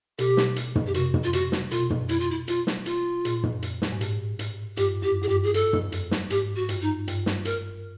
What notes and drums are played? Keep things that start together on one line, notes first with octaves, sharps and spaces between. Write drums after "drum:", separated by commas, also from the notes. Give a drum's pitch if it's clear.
B2 G4, drum: hi-hat
drum: snare
drum: hi-hat
drum: tom
G4
C3 F#4, drum: hi-hat
drum: tom
F4
F#4, drum: hi-hat
drum: snare
B2 F4, drum: hi-hat
drum: tom
E4, drum: hi-hat
F4
E4
F4, drum: hi-hat
drum: snare
F4, drum: hi-hat
A#2, drum: hi-hat
drum: tom
drum: hi-hat
drum: snare
G#2
A2, drum: hi-hat
drum: hi-hat
G2 G4, drum: hi-hat
F#2 G4
F#2 G#4
G2 G4
G#4
A4, drum: hi-hat
drum: tom
drum: hi-hat
drum: snare
G#2 G4, drum: hi-hat
F#4
G2, drum: hi-hat
D#4
G2, drum: hi-hat
drum: snare
A#4, drum: hi-hat